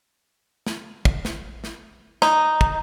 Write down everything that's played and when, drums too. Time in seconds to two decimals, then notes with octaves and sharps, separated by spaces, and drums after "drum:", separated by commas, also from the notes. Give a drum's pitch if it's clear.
0.67 drum: snare
1.05 drum: kick
1.25 drum: snare
1.64 drum: snare
2.22 D#4, drum: snare
2.61 drum: kick